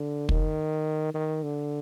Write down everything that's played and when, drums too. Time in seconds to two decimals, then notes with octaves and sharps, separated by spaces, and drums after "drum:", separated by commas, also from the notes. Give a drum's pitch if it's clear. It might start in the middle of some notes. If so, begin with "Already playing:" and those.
Already playing: D3
0.29 D#3, drum: kick
1.14 D#3
1.43 D3